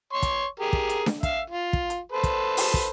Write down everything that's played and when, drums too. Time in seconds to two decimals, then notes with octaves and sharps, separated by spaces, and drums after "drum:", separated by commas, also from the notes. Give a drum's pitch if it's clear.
0.13 C#5 C6 C#6
0.22 drum: kick, hi-hat
0.60 G4 G#4 A#4
0.73 drum: kick
0.89 drum: hi-hat
1.06 drum: snare D4
1.23 E5 F5, drum: kick, hi-hat
1.50 F4
1.73 drum: kick
1.90 drum: hi-hat
2.12 A4 B4 C5
2.23 drum: kick, hi-hat
2.57 drum: open hi-hat
2.74 drum: kick